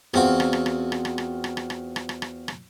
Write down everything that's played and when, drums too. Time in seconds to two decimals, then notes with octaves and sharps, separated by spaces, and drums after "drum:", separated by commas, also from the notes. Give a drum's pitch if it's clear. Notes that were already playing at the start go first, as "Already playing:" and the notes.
0.14 E2 C4 F4 F#4, drum: rim click
0.40 drum: rim click
0.53 drum: rim click
0.66 drum: rim click
0.92 drum: rim click
1.05 drum: rim click
1.18 drum: rim click
1.44 drum: rim click
1.57 drum: rim click
1.70 drum: rim click
1.96 drum: rim click
2.09 drum: rim click
2.22 drum: rim click
2.48 drum: rim click